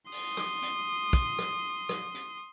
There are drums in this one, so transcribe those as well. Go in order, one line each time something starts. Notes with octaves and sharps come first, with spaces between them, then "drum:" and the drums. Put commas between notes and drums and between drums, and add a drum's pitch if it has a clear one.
C6 D#6, drum: open hi-hat
drum: rim click
drum: hi-hat
drum: kick, hi-hat
drum: rim click
drum: rim click
drum: hi-hat